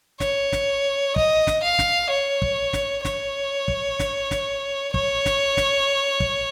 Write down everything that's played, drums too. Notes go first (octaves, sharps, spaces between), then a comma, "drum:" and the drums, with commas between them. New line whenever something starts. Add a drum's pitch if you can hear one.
C#5, drum: snare
drum: snare
D#5, drum: kick
drum: snare
F5
drum: snare
C#5
drum: kick
drum: snare
C#5, drum: snare
drum: kick
drum: snare
drum: snare
C#5, drum: kick
drum: snare
drum: snare
drum: kick